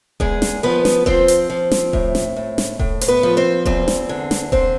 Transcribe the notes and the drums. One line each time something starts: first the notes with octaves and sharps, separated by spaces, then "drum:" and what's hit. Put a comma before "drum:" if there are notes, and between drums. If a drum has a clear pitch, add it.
E2 G#3 G#4, drum: kick D#1
drum: snare
F3 B3 B4
drum: snare
F3 C4 C5, drum: kick D#1
drum: hi-hat
F3
drum: snare
A2, drum: kick D#1
drum: snare
A2
drum: snare
A2, drum: kick D#1
C5, drum: hi-hat
B3 B4
F3
C4 C5
E2 C4 C5, drum: kick D#1
drum: snare
D3
drum: snare
D3 C4 C5, drum: kick D#1